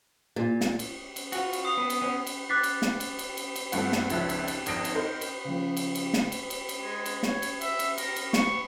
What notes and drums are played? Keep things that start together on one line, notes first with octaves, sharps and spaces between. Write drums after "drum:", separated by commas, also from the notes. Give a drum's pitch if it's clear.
A#2
drum: snare
drum: cymbal
drum: cymbal
F4 F#4, drum: cymbal
drum: cymbal
D#6 C7 F7
B3
drum: cymbal
B3 C#4
drum: cymbal
D6 F#6 A6 B6 C7
drum: cymbal
drum: snare
drum: cymbal
drum: cymbal
drum: cymbal
drum: cymbal
G2 A3 C4 F4 F#5, drum: cymbal
drum: snare
G#1 C#2 F3 E5 F#6 B6, drum: cymbal
drum: cymbal
drum: cymbal
G#1 F2 D#6 F#6 A#6 D7, drum: cymbal
drum: cymbal
D#4 A#4 C5
drum: cymbal
C#3 F3
drum: cymbal
drum: cymbal
drum: snare
drum: cymbal
drum: cymbal
drum: cymbal
G#3
drum: cymbal
C#5, drum: snare
drum: cymbal
E5, drum: cymbal
drum: cymbal
A#4, drum: cymbal
drum: cymbal
C#6, drum: snare